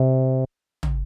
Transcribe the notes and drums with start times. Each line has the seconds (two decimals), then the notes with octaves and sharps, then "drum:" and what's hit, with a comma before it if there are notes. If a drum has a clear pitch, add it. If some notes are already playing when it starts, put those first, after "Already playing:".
Already playing: C3
0.83 drum: tom